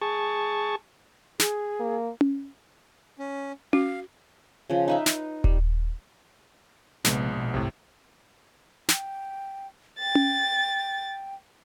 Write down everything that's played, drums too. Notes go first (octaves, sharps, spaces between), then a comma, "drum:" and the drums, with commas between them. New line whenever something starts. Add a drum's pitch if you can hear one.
G#4 A5 C#6
G#4, drum: snare
A#3
drum: tom C#4
C#4
F#4 F5, drum: tom C#4
C#3 F3
D#4 B4 E5
D#4, drum: snare
G3, drum: kick D#1
A#1 C3 F3 G#3 B3 D4, drum: snare
B2
G1 C2 A2 C3
G5, drum: snare
G5 A6
drum: tom C#4